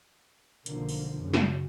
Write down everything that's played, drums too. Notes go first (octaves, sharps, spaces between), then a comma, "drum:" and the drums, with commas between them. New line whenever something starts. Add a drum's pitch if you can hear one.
B1 D3 F3 A#3, drum: hi-hat
drum: open hi-hat
F#2 C#3
drum: snare